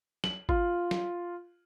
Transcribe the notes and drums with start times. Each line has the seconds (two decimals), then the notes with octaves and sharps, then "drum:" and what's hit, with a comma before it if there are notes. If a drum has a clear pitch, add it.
0.24 F#7, drum: snare
0.49 F4, drum: kick G#1
0.91 drum: snare